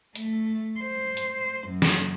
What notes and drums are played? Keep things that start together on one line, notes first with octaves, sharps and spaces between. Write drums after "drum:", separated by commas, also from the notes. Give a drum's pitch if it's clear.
A3, drum: hi-hat
C5
drum: hi-hat
F#2
drum: snare